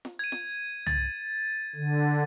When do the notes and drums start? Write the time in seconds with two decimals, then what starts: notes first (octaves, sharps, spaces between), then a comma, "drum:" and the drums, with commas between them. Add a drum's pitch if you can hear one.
0.05 drum: snare
0.19 G#6 D#7
0.32 drum: snare
0.87 A6, drum: tom C2
1.76 D3